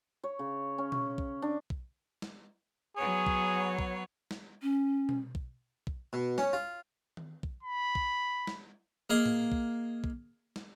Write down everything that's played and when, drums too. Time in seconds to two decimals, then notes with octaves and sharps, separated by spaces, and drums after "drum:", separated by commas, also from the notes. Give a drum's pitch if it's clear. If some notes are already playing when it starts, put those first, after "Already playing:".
0.23 C#5
0.39 C#3
0.78 C#4
0.92 drum: tom B2
1.18 drum: kick B1
1.42 D4
1.70 drum: kick B1
2.22 drum: snare
2.97 F#3 B3 G#4 C#5
3.27 drum: kick B1
3.79 drum: kick B1
4.31 drum: snare
4.62 C#4
5.09 drum: tom B2
5.35 drum: kick B1
5.87 drum: kick B1
6.13 B2
6.38 C#4, drum: snare
6.53 F4
7.17 drum: tom D#3
7.43 drum: kick B1
7.63 B5
7.95 drum: kick B1
8.47 drum: snare
9.10 A#3 G#4 D#5
9.26 drum: tom A2
9.52 drum: kick B1
10.04 drum: kick B1
10.56 drum: snare